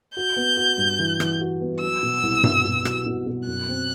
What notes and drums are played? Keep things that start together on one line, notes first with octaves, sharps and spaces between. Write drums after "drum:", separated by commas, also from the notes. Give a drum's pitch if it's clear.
F#4 G6
B3
F#4
G2
E3
E3, drum: rim click
F#4
B3
F#3 E6
B2
C2
B2, drum: tom G2
B2
F#3, drum: rim click
B2
B2
F#2 F#6
C4